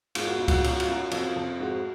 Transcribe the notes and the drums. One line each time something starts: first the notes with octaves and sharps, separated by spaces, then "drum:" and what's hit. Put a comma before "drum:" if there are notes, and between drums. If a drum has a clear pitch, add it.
G#2 F4, drum: cymbal
F#4
G#2 F4
F#4, drum: kick C#2, cymbal
F4
F#2 F#4, drum: cymbal
F4, drum: cymbal
F#2 F#4
F4
F2 F#4, drum: cymbal
F4
F2
G#2 F#4